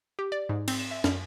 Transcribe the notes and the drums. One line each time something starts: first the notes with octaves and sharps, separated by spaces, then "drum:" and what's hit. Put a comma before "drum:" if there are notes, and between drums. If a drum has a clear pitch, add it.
G4
D5
G#2
C4, drum: cymbal
E7
E5
F#2, drum: snare